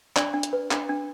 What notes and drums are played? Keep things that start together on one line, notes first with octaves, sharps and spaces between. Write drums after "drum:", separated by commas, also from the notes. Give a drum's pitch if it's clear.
D4 D5, drum: clap
D4
drum: hi-hat
B4
D4, drum: clap
D4